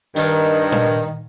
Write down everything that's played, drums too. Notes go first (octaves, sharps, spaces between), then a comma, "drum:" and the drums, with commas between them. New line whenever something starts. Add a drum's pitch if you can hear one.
G2 D#3, drum: tambourine
drum: tom A#2